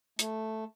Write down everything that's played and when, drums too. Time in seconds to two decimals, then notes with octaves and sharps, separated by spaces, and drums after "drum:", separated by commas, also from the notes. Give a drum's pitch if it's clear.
0.19 A3, drum: hi-hat